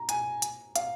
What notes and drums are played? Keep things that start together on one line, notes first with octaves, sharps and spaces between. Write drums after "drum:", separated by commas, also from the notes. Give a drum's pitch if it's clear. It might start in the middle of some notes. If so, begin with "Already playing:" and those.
Already playing: A#5
G#5, drum: hi-hat
drum: hi-hat
F5, drum: hi-hat